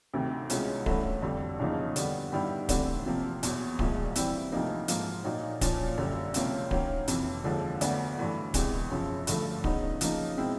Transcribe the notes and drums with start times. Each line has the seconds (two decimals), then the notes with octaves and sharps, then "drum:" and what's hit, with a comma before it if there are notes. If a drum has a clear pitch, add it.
0.14 D2 C3 D#3
0.50 C2 B2 G#3 C#4 F4, drum: hi-hat
0.86 G2 E3 A3 C#4 F#4, drum: kick D1
1.22 F2 D3 G3
1.59 E2 C#3 F3 A#3 D#4
1.96 D3 G3 B3, drum: hi-hat
2.32 G2 D#3 G3 B3 E4
2.69 C3 E3 A3 D4 F#4, drum: kick D1, hi-hat
3.06 C3 F3 A#3
3.43 E2 B2 F#3, drum: hi-hat
3.79 C2 A#2 F3 G#3, drum: kick D1
4.15 E3 G3 C4 E4, drum: hi-hat
4.52 D2 C3 F3 A#3 D#4
4.88 G#2 F3 A#3, drum: hi-hat
5.24 A#2 F#3 A#3 D#4
5.61 A#2 F3 A#3 C#4 F4, drum: kick D1, hi-hat
5.97 F#2 D3 G3
6.34 C#2 C3 F3 A#3 C#4, drum: hi-hat
6.71 D#3 F#3 A#3 C#4, drum: kick D1
7.08 F2 C3 E3, drum: hi-hat
7.44 D#2 D3 F3 G#3
7.81 D2 D3 F#3 B3 D4, drum: hi-hat
8.18 G2 E3 A3
8.54 E2 C3 E3 G#3, drum: kick D1, hi-hat
8.90 F#2 C#3 F3
9.27 G2 D3 F3 A3, drum: hi-hat
9.64 C#3 F#3 B3 D#4, drum: kick D1
10.01 C#3 F3 A#3 D#4, drum: hi-hat
10.37 B2 G#3 C4 E4